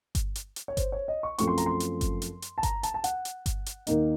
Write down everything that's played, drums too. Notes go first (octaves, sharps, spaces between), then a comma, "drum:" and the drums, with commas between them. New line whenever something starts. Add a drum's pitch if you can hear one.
drum: kick G1, hi-hat
drum: hi-hat
drum: hi-hat
C#5
C5, drum: kick G1, hi-hat
C#5
D#5
C#6
F#2 F3 A3 C4 C#6, drum: hi-hat
C6
A#5, drum: hi-hat
C6
drum: hi-hat
drum: kick G1, hi-hat
drum: hi-hat
drum: hi-hat
A5
A#5, drum: kick G1, hi-hat
A5, drum: hi-hat
A5
F#5, drum: hi-hat
drum: hi-hat
drum: kick G1, hi-hat
drum: hi-hat
D#2 D#3 A#3 D#4, drum: hi-hat